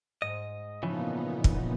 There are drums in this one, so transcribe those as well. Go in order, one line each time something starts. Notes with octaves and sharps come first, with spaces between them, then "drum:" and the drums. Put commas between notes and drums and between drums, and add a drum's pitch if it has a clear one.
G#2 D#5
A#2 C#3 E3 F3 B3 D#4
drum: kick